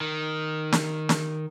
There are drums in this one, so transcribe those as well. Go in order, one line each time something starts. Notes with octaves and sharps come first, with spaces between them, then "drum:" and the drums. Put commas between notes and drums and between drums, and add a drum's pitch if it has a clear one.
D#3
drum: snare
drum: snare